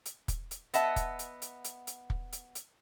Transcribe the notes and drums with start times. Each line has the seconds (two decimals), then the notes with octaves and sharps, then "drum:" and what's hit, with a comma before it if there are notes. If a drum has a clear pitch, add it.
0.05 drum: hi-hat
0.28 drum: kick, hi-hat
0.51 drum: hi-hat
0.74 B3 D#5 E5 F#5 A5, drum: hi-hat
0.96 drum: kick, hi-hat
1.19 drum: hi-hat
1.42 drum: hi-hat
1.64 drum: hi-hat
1.87 drum: hi-hat
2.10 drum: kick
2.32 drum: hi-hat
2.55 drum: hi-hat